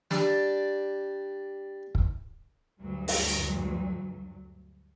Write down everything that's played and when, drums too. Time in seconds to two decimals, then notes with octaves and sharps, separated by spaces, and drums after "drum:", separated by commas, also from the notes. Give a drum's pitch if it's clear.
0.11 G3 D4, drum: snare
1.95 drum: kick
2.80 D2 G2 F#3
3.08 drum: open hi-hat